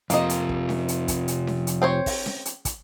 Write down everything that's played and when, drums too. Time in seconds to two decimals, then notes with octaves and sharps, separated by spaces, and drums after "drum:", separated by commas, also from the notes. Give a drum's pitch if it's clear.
0.10 F2 C3 F3 A#3 D#5, drum: hi-hat
0.30 drum: hi-hat
0.49 drum: kick
0.69 drum: snare C#4
0.88 drum: hi-hat
1.08 drum: kick, hi-hat
1.28 drum: hi-hat
1.47 drum: snare C#4
1.67 drum: hi-hat
1.82 C4 C5 C#5
2.06 drum: kick, open hi-hat
2.26 drum: snare C#4
2.45 drum: hi-hat
2.65 drum: kick, hi-hat